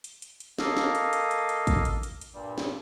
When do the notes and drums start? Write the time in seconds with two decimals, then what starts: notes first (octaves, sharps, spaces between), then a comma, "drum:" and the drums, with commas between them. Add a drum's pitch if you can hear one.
0.04 drum: hi-hat
0.22 drum: hi-hat
0.40 drum: hi-hat
0.58 A#3 A4 D#5 F5, drum: snare
0.77 drum: snare
0.95 drum: hi-hat
1.13 drum: hi-hat
1.31 drum: hi-hat
1.49 drum: hi-hat
1.67 drum: kick, hi-hat
1.85 drum: hi-hat
2.03 drum: hi-hat
2.21 drum: hi-hat
2.34 G2 A#2 G3
2.58 drum: snare